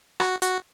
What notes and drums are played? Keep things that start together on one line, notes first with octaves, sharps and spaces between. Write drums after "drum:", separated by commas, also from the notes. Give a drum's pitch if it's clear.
F#4, drum: rim click
F#4, drum: hi-hat